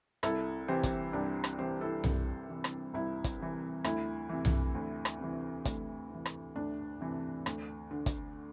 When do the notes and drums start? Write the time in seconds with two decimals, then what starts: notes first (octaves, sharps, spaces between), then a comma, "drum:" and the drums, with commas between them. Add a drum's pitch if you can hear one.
0.23 C2 E4 A4, drum: rim click
0.68 C3 E3 G4 C5
0.83 drum: kick, hi-hat
1.13 C2 D4 G4
1.44 drum: rim click
1.58 C3 E3 G4 C5
1.81 E4 A4
2.04 C2, drum: tom B1
2.49 C3 E3
2.64 drum: rim click
2.94 C2 E4
3.24 drum: kick, hi-hat
3.40 C3 E3
3.84 D2 E4, drum: rim click
4.29 C3 E3
4.45 drum: tom B1
4.75 D2
5.05 drum: rim click
5.20 C3 E3
5.65 D2, drum: kick, hi-hat
6.10 C3 E3
6.25 drum: rim click
6.56 D2 D4
7.01 C3 E3
7.46 D2, drum: rim click
7.91 D3
8.06 drum: kick, hi-hat